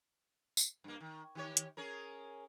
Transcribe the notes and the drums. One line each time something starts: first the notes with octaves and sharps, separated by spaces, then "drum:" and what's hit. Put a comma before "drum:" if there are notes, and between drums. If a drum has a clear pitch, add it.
drum: tambourine
G2 A#3
D#3
D#3 G4 C#5
drum: hi-hat
C#4 G#4 A#4